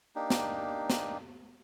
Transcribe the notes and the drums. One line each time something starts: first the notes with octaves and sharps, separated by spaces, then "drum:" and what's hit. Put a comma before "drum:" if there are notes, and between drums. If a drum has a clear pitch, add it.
A#3 D4 D#4 G4
drum: snare
drum: snare